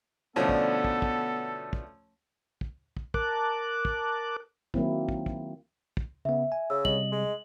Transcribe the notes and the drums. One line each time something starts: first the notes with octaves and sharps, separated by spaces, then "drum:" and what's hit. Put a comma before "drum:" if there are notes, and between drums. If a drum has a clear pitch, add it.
B2 D3 F3 A3 B3 C#4 A4
drum: kick
drum: kick
drum: kick
drum: kick
drum: kick
drum: kick
A#4 A5 D6 F#6, drum: kick
drum: kick
D#3 F#3 A#3 C4 E4, drum: kick
drum: kick
drum: kick
drum: kick
C#3 B3 E5
G#5
C#3 E6
C3 G3 D#5 F#7, drum: kick
G#3